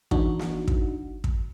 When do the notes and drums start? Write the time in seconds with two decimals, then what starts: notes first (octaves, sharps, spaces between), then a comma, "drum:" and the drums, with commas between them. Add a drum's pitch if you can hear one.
0.11 E3 D4 D#4 F#4, drum: kick
0.39 drum: snare
0.68 drum: kick
1.24 drum: kick